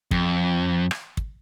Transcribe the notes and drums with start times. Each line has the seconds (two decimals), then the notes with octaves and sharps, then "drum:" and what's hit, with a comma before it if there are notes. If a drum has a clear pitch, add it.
0.11 F2, drum: kick
0.91 drum: rim click
1.17 drum: kick